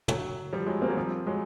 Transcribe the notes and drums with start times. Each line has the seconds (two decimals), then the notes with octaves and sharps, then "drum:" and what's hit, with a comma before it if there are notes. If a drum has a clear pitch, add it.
0.08 F#3, drum: tom
0.53 F3 G3
0.66 F#3 G#3
0.82 A#3 C4
0.90 F#3
0.97 F3 G3
1.26 F#3 G#3